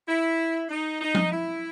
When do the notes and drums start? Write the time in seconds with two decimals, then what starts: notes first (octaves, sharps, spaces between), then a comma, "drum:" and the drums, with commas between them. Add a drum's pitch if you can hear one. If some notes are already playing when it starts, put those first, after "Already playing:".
0.07 E4
0.69 D#4
1.01 D#4
1.15 drum: tom F3
1.32 E4